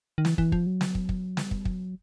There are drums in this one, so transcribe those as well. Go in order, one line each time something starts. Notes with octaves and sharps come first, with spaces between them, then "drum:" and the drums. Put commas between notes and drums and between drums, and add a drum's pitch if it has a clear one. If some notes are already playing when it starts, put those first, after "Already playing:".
D#3
E3, drum: snare
E3, drum: kick
F3, drum: kick
F#3
drum: snare
drum: kick
drum: kick
G3, drum: snare
drum: kick
F#3, drum: kick